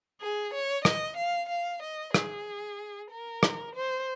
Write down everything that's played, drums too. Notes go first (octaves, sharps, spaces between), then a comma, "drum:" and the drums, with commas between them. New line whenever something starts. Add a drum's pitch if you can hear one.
G#4
C#5
D#5, drum: rim click
F5
F5
D#5
G#4, drum: rim click
A#4
drum: rim click
C5